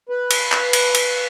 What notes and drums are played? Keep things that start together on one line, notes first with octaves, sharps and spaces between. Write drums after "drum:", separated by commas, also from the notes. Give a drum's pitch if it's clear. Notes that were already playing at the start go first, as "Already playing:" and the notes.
B4
drum: cymbal
drum: clap
drum: cymbal
drum: cymbal